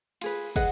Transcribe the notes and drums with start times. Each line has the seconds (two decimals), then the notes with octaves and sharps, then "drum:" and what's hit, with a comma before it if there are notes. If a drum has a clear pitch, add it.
0.21 F4 G#4 B4, drum: cymbal
0.56 G#4 B4 D#5 F#5, drum: kick, cymbal